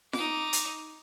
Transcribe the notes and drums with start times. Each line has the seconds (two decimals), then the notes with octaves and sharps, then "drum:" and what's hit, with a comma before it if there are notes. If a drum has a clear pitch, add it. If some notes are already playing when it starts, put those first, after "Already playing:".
0.13 D#4 D6, drum: snare F4
0.53 drum: hi-hat